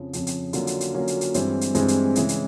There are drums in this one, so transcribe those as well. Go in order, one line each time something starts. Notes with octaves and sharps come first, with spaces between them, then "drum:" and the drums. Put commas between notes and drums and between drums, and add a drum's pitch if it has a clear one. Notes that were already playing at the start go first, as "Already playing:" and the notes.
Already playing: F2 C#3 F3
F2 C#3 F3, drum: hi-hat
drum: hi-hat
D3 F#3 A#3 C#4 F4, drum: hi-hat
drum: hi-hat
drum: hi-hat
D3 F#3 A#3 C#4 F4
drum: hi-hat
drum: hi-hat
G2 E3 G#3 C4, drum: hi-hat
drum: hi-hat
G2 E3 G#3 C4, drum: hi-hat
drum: hi-hat
C#3 E3 G#3, drum: hi-hat
drum: hi-hat